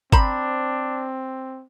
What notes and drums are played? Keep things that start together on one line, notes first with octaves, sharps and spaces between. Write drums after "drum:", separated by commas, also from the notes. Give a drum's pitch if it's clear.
C4 D4 C5 A#5 B5, drum: kick